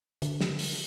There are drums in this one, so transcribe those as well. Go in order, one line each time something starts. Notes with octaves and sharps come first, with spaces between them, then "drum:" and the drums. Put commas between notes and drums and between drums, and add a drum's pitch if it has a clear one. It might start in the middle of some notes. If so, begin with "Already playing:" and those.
D3, drum: hi-hat
drum: snare
drum: open hi-hat